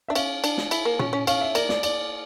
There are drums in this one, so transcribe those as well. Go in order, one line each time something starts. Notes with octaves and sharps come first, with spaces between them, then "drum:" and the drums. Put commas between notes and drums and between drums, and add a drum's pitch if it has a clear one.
D4 E5
C#4 F5, drum: cymbal
D4, drum: cymbal
drum: snare
E4, drum: cymbal
A#3
C#4, drum: tom A#2
C#4
C#4 F5, drum: cymbal
E5
A#3 D5, drum: cymbal
D5, drum: snare
D5, drum: cymbal